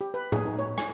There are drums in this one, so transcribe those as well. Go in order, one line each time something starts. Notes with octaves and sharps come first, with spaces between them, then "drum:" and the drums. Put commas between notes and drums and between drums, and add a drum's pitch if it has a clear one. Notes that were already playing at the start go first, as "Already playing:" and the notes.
G4
B4
G#4, drum: tom A2
D#4
C#5
G#5, drum: rim click